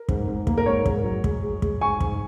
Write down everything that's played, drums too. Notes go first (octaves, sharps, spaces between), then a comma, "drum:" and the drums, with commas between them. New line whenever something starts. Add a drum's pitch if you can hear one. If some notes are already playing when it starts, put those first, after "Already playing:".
Already playing: A#4
G#2, drum: kick
G#2
A#3, drum: kick
A#4
G#2 C#5
G#2, drum: kick
F#3
G#3, drum: kick
G#3
G#3, drum: kick
G#2 G#5 C#6
G#2, drum: kick